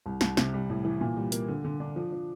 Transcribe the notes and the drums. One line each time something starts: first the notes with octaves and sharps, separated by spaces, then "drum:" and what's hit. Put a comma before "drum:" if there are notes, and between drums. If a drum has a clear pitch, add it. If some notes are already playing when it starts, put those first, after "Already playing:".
C2
C2, drum: snare
C3, drum: snare
G3
A2
E3
A#2
G3
A#3, drum: hi-hat
D3
D3
D4
F3
F3